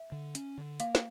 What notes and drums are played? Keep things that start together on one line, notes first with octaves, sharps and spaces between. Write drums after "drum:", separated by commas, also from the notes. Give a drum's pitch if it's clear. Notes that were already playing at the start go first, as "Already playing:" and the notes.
Already playing: E5
D3
C#4, drum: hi-hat
D3
A#3 F5, drum: hi-hat
drum: snare